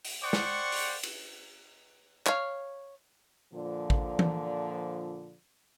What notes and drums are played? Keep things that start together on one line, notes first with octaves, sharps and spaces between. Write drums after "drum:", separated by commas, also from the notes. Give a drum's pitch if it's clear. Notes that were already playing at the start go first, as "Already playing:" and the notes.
drum: open hi-hat
C5 D5 F#5 G5 C#6
drum: snare
drum: open hi-hat
drum: cymbal
C#5 F5, drum: clap
A#2 D3 F3
drum: kick
drum: tom